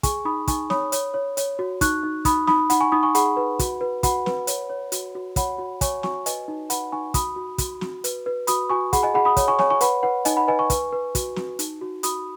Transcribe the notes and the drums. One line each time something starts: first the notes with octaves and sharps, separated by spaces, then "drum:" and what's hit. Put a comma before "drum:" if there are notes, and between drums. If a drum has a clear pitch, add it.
G#4 G#5 C#6, drum: kick, hi-hat
D#4 B5 D#6
D#4 G#5 C#6, drum: kick, hi-hat
C#5 B5 D#6, drum: snare
C#5, drum: hi-hat
C#5
C#5, drum: hi-hat
F#4
D#4 C#6 F#6, drum: kick, hi-hat
D#4
D#4 B5 D#6, drum: kick, hi-hat
D#4 B5 D#6, drum: snare
D#4 F#5 B5, drum: hi-hat
G#5 C#6
D#4 B5 D#6
G#5 C#6
G#4 F#5 B5, drum: hi-hat
B4
F#4, drum: kick, hi-hat
B4
F#4 F#5 B5, drum: kick, hi-hat
B4, drum: snare
C#5, drum: hi-hat
C#5
F#4, drum: hi-hat
F#4
C#5 F#5 B5, drum: kick, hi-hat
F#4
C#5 G#5 C#6, drum: kick, hi-hat
F#4 G#5 C#6, drum: snare
B4 D#5 G#5, drum: hi-hat
D#4
B4 F#5 B5, drum: hi-hat
D#4 G#5 C#6
F#4 B5 D#6, drum: kick, hi-hat
F#4
F#4, drum: kick, hi-hat
F#4, drum: snare
B4, drum: hi-hat
B4
F#4 B5 D#6, drum: hi-hat
F#4 G#5 C#6
G#4 F#5 B5, drum: kick, hi-hat
D#5 G#5
G#4 F#5 B5
B5 D#6
C#5, drum: kick, hi-hat
G#5 C#6
C#5 G#5 C#6, drum: snare
G#5 C#6
B4 F#5 B5, drum: hi-hat
B4 F#5
D#4 D#5 G#5, drum: hi-hat
F#5 B5
B4 D#5 G#5
G#5 C#6
B4, drum: kick, hi-hat
B4
F#4, drum: kick, hi-hat
F#4, drum: snare
D#4, drum: hi-hat
F#4
F#4 B5 D#6, drum: hi-hat